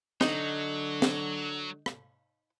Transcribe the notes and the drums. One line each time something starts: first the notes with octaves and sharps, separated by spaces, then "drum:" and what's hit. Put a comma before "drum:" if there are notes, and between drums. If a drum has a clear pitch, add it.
D3 F#3 D#4, drum: snare
drum: snare
drum: rim click